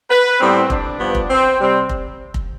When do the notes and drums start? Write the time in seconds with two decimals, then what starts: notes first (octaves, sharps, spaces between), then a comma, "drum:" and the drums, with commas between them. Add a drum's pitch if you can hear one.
0.10 B4
0.40 A2 G3 B3 C4
0.70 D4, drum: kick F1
0.99 G2 F3 B3
1.15 drum: kick F1
1.30 C4
1.60 C3 G3 C4
1.89 drum: kick F1
2.34 drum: kick F1